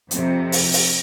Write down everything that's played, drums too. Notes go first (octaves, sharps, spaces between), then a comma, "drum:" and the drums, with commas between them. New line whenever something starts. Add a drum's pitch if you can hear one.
F2 C3, drum: hi-hat
drum: open hi-hat
drum: open hi-hat